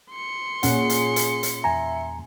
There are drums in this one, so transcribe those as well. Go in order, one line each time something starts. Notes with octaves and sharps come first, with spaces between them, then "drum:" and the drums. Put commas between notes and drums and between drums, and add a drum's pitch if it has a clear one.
C6 C#7
A#2 C#4 G#4 F#5, drum: hi-hat
drum: hi-hat
drum: hi-hat
drum: hi-hat
E2 E5 G#5 A#5